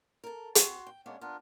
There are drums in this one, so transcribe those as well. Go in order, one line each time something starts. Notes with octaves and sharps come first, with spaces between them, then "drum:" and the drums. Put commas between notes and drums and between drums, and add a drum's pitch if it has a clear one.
A4 A#4
A3 C4 F#4 C6, drum: hi-hat
G5
G#3 A#3 B3 C#4 D4 C#5
B3 D4 F4 A#4